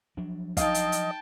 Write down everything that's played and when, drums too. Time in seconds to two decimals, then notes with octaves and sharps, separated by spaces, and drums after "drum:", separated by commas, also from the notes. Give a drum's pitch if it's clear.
0.17 F3 F#3 D4
0.57 D#4 D#5 F5 G5 A5, drum: kick, hi-hat
0.74 drum: hi-hat
0.92 drum: hi-hat